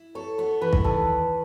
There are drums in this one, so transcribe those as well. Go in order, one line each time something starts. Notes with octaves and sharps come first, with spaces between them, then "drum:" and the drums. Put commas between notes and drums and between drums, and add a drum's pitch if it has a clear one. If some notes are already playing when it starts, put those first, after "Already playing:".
Already playing: E4
A4 C#5
B3 C#5
E3 B4
drum: kick
D#3 A4